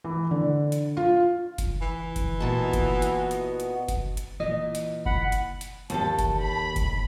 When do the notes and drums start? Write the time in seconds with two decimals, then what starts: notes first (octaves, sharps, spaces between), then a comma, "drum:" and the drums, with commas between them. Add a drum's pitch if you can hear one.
0.04 E3
0.31 D3
0.72 drum: hi-hat
0.97 F4
1.58 drum: kick F#1, hi-hat
1.81 E3
2.16 drum: kick F#1, hi-hat
2.40 A#2 B3 F#4 D#5 A5
2.73 drum: kick F#1, hi-hat
3.02 drum: hi-hat
3.31 drum: hi-hat
3.60 drum: hi-hat
3.88 drum: kick F#1, hi-hat
4.17 drum: hi-hat
4.40 A#2 E3 D#5
4.75 drum: hi-hat
5.06 F#5 B5, drum: kick F#1
5.32 drum: hi-hat
5.61 drum: hi-hat
5.90 D#2 G4 A4 A5, drum: hi-hat
6.19 drum: kick F#1, hi-hat
6.40 B5
6.76 drum: kick F#1, hi-hat